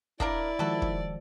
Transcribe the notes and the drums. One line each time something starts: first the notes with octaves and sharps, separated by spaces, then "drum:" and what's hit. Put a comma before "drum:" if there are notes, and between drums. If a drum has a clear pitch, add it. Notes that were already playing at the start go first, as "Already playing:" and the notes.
A#3 D4 E4 A#4 D5, drum: kick
D#3 F3 G#3 F#4 A4
drum: kick